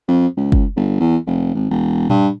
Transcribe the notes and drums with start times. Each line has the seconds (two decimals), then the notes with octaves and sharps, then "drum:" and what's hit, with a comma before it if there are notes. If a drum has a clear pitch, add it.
0.08 F2
0.37 C#2
0.52 drum: kick
0.76 G1
1.00 E2
1.27 F1
1.55 G#1
1.70 E1
2.10 G2, drum: tom A#2